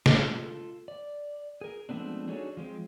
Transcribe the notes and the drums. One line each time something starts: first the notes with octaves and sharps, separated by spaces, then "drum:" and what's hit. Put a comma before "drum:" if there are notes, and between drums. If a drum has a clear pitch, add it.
F4 A4, drum: snare
D5
G#4 A#4
F3 G#3 A3 B3 C4 D4
D4 D#4 F#4 G#4 A4 C#5
F3 G#3 C4